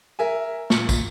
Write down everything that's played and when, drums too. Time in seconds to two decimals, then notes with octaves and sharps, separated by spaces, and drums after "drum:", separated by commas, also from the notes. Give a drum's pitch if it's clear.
0.19 A#4 E5 G#5
0.70 A#2 C#7, drum: snare
0.89 drum: kick, tambourine